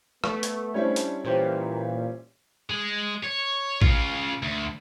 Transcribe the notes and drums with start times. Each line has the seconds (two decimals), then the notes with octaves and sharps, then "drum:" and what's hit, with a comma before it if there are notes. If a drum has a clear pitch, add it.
0.24 A3 B3 C#6, drum: rim click
0.43 drum: hi-hat
0.74 G3 C#4 D4 E4 C5 C#5
0.96 drum: hi-hat
1.24 A#2 E3 G4 C5 C#5
2.70 G#3
3.23 C#5
3.82 C#3 F4, drum: kick
4.43 D2